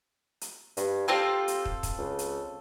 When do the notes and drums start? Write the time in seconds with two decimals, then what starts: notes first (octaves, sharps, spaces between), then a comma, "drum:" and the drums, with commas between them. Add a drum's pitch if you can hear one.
0.41 drum: hi-hat
0.77 G2, drum: hi-hat
1.08 C4 F4 G4 A4
1.48 drum: hi-hat
1.65 drum: kick
1.83 drum: kick, hi-hat
1.98 C#2
2.19 drum: hi-hat